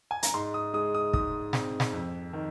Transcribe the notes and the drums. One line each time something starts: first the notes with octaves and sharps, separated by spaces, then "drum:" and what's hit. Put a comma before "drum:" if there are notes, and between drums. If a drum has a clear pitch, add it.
G#5
A#5, drum: hi-hat
G#2 C6
D#6
G#3 D#6
D#6
G#2 D#6, drum: kick
C4, drum: snare
drum: snare
F2
D#3